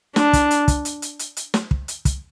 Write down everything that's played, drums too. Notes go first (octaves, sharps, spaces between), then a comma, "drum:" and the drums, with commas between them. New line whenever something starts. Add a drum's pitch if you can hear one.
D4, drum: snare
drum: kick, hi-hat
drum: hi-hat
drum: kick, hi-hat
drum: hi-hat
drum: hi-hat
drum: hi-hat
drum: hi-hat
drum: snare
drum: kick
drum: hi-hat
drum: kick, hi-hat